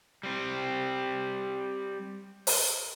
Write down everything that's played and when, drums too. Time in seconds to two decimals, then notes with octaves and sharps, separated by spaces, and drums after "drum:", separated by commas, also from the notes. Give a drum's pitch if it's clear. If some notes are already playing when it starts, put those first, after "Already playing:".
0.23 G3 C4
2.47 drum: open hi-hat